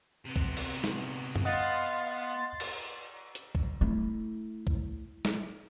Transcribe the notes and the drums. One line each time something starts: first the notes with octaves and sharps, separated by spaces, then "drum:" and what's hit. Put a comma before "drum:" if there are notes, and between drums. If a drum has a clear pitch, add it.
C3 B3
drum: kick B1
drum: cymbal
drum: snare
drum: tom F#2
B3 D#5 F5 F#5 C6 A6
drum: cymbal
drum: hi-hat
drum: kick B1
A3 E4
drum: kick B1
drum: snare